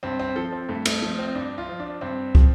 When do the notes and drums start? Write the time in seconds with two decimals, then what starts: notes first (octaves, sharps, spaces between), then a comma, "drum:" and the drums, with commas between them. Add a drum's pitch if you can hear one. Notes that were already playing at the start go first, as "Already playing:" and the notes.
0.03 G2 C4
0.19 C4
0.36 F3 A4
0.52 C4
0.69 G2 A3
0.85 A3, drum: cymbal
1.02 F3 A3
1.19 C4
1.35 G2 D4
1.58 F4
1.69 F3
1.80 D4
2.01 G2 C4
2.35 F3, drum: kick